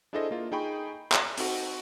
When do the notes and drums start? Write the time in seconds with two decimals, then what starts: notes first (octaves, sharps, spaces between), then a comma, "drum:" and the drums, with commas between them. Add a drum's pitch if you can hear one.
0.13 D4 E4 G#4 A4 C5 D#5
0.31 A#3 F4
0.52 D#4 G#4 G5 B5 C#6
1.12 G6, drum: clap
1.38 C4 D#4 F#4, drum: open hi-hat